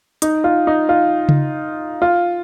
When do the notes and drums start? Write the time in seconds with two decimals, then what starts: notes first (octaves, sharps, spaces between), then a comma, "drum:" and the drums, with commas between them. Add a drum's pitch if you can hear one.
0.22 D#4, drum: hi-hat
0.44 F4
0.67 D#4
0.89 F4
1.29 drum: tom C#3
2.02 F4